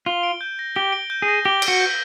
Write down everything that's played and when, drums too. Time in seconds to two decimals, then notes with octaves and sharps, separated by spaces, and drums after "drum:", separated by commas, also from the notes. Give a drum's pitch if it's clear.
0.06 F4 G7
0.23 D7
0.41 G6
0.59 A#6
0.76 G4 G7
0.92 D7
1.10 G6
1.22 G#4
1.28 A#6
1.45 G4 G7
1.62 D7, drum: cymbal
1.68 F#4
1.80 G6